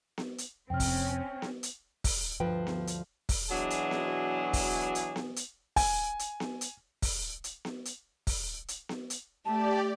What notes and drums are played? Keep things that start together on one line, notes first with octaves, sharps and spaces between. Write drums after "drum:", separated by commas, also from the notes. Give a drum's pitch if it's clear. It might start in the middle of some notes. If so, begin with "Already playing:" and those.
drum: snare B3
drum: hi-hat
F2 C3 C4 C#4 G5 F6
drum: kick, open hi-hat
drum: snare B3
drum: hi-hat
drum: kick, open hi-hat
D2 G2 F3 B4 G5
drum: snare B3
drum: hi-hat
drum: kick, open hi-hat
B2 E3 F#3 D4 G#4
drum: hi-hat
drum: snare B3
drum: kick, open hi-hat
drum: hi-hat
drum: snare B3
drum: hi-hat
G#5, drum: kick, open hi-hat
drum: hi-hat
drum: snare B3
drum: hi-hat
drum: kick, open hi-hat
drum: hi-hat
drum: snare B3
drum: hi-hat
drum: kick, open hi-hat
drum: hi-hat
drum: snare B3
drum: hi-hat
A3 G4 D5 A5